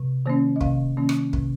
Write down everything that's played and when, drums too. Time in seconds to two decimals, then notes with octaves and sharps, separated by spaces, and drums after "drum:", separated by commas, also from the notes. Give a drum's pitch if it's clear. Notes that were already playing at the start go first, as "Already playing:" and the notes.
Already playing: C3
0.26 D#3 A#3 C#4 C5
0.56 D#5
0.61 C3 F5, drum: kick
0.97 D#3 A#3 C#4
1.09 drum: rim click
1.33 C3, drum: kick